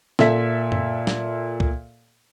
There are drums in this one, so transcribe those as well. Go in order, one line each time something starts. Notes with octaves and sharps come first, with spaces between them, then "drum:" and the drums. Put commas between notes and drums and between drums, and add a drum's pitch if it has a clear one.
A#2 A4 E5 B6, drum: snare
drum: tom F#2
drum: snare
drum: kick